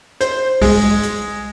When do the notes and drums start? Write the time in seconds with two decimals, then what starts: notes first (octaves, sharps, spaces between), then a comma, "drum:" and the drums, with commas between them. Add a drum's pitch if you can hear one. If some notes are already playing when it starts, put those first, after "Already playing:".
0.21 C5, drum: hi-hat
0.62 G#3, drum: kick B1, open hi-hat
1.03 drum: hi-hat